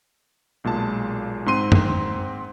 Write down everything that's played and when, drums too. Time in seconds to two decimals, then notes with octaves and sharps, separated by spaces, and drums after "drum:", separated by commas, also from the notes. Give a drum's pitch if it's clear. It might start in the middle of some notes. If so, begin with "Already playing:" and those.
0.64 B1 A#2 G#3 A5
1.46 G#2 C4 C6 D#7
1.72 drum: tom F#2